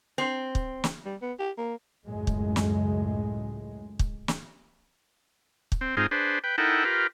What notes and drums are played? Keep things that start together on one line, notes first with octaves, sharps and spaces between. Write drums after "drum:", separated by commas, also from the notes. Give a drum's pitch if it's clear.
C4
drum: kick
drum: snare
G3
B3
G4
A#3
C#2 F#2 A2 G#3
drum: kick
drum: snare
drum: kick
drum: snare
drum: kick
C4
G#2 C4 D#4 F4 G#4
D4 G#4 B4 C5
B4 G5
D#4 E4 A4 A#4 F#5 G5
F4 G4 A#4 B4